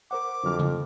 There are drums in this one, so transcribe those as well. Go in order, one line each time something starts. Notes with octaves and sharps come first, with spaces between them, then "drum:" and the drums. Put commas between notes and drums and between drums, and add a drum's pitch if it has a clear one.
A#4 C5 F#5 D6
F2 D3 F#3 F6
drum: tom C#3